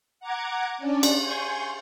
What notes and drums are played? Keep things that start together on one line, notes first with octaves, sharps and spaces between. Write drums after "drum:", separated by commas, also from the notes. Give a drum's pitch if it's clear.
F#5 A#5 D6 F#6 G#6
C#4 D4 D5
drum: cymbal
G#5 C6 C#6 G6